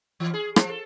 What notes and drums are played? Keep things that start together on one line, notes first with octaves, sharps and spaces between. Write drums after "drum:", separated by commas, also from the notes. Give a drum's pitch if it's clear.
E3
G#4
F3, drum: rim click
A4